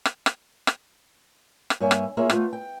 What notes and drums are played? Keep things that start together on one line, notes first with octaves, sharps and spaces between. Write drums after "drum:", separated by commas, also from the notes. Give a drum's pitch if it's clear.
drum: rim click
drum: rim click
drum: rim click
drum: rim click
G2 A#3 C#5 E5 G#5
drum: rim click
A#3 F4 G#4 C#5 E5
A3 B3 F4, drum: rim click
G5